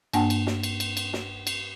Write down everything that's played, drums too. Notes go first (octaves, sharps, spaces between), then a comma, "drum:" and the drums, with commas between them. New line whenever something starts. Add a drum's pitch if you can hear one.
G2 A#3 D4 F#5 G5 A5, drum: cymbal
drum: cymbal
drum: snare
drum: cymbal
drum: cymbal
drum: cymbal
drum: snare
drum: cymbal